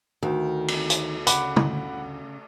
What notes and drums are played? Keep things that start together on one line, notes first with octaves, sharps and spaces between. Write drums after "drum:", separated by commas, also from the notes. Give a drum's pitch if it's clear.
D2 D#3
drum: cymbal
drum: hi-hat
C#3 F#5 B5 D6, drum: hi-hat
drum: tom